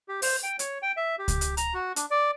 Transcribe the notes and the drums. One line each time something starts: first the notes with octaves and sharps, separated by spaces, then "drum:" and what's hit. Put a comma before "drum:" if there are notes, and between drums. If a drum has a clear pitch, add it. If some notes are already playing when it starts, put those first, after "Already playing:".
G4
C5, drum: open hi-hat
G5
C#5, drum: hi-hat
G5
E5
G4
drum: kick C#2, hi-hat
drum: hi-hat
A#5, drum: hi-hat
F#4
D4, drum: hi-hat
D5